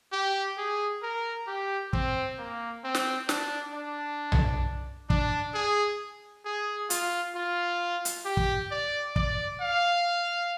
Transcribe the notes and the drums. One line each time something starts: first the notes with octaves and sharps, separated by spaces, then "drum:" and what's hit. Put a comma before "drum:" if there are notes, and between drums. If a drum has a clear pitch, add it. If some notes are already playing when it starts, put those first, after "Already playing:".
G4
G#4
A#4
G4
C4, drum: kick
A#3
C4
drum: snare
D4, drum: snare
D4
drum: tom B1
D4, drum: kick
G#4
G#4
F4, drum: hi-hat
F4
drum: hi-hat
G4
drum: kick
D5
D5, drum: kick
F5